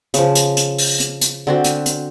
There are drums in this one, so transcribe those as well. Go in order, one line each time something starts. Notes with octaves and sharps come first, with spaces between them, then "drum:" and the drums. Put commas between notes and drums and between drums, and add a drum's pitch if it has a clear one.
C#3 F3, drum: hi-hat
drum: hi-hat
drum: hi-hat
drum: open hi-hat
drum: hi-hat
drum: hi-hat
D3 C4 F#4
drum: hi-hat
drum: hi-hat